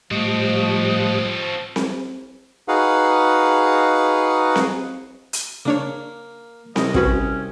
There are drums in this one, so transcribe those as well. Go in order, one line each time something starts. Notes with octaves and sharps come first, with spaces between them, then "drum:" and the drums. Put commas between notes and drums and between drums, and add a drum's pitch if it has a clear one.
A2 F3 G3 C4 F#4 D#5
drum: snare C4
D#4 F#4 G#4 B4 F5 F#5
drum: snare C4
drum: hi-hat
C#3 A#3 D4 C#5
C2 D#5, drum: snare C4
C4 C#4 F#4 B4, drum: kick